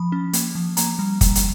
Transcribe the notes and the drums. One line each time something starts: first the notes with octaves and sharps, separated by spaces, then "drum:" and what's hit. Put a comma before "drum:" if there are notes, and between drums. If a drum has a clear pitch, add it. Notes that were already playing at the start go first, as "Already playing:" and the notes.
Already playing: F3 B5
C#4
A#3, drum: hi-hat
F3
A#3 A#5, drum: hi-hat
G3
drum: kick, hi-hat
drum: hi-hat